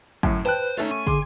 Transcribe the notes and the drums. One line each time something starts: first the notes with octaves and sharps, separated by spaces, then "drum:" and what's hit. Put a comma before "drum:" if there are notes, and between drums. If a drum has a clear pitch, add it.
F#2 A2, drum: kick
B4 C5 G5 A5 F#6
A3 C#4 D#4 F4
G#5 C#6
D3 G#4 C6 D6, drum: kick